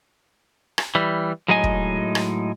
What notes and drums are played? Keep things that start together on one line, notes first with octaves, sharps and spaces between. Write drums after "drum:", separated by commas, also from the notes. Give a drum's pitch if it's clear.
drum: rim click
E3 G3
A2 F#3 G#3 D#4 D#5 G#5
drum: kick
drum: rim click